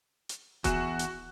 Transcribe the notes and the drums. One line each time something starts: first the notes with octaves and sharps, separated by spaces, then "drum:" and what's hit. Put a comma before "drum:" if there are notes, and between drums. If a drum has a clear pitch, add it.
drum: hi-hat
E2 F#4 F#6 E7, drum: kick D#1, hi-hat
drum: hi-hat